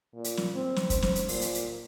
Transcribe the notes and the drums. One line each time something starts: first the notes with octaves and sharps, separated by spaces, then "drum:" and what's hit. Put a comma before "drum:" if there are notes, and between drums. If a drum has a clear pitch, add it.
A#2
drum: hi-hat
drum: snare
C4
drum: snare
C5, drum: kick, hi-hat
drum: snare
drum: hi-hat
A#2, drum: open hi-hat
drum: hi-hat
drum: hi-hat